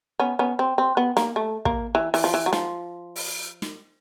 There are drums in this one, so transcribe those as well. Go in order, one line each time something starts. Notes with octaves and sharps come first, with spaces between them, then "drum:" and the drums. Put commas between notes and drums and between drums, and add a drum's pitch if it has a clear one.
B3 C#4
B3 C#4
C4
C4
B3
A#3, drum: snare
A3
A#3, drum: kick
E3
E3, drum: open hi-hat
F3
E3
F#3
F3, drum: snare
drum: open hi-hat
drum: snare